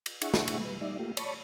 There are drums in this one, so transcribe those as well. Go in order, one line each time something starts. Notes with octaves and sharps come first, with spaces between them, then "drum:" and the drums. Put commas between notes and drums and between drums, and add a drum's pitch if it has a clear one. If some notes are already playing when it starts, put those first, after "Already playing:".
drum: cymbal
D4 E4 G#4 E5 F#5 C#6, drum: cymbal
drum: snare
drum: cymbal
G3 B4
G3 D#4 D5 E5
A3 A#3 F4 G4
C#5 D5 A5 B5 C#6, drum: cymbal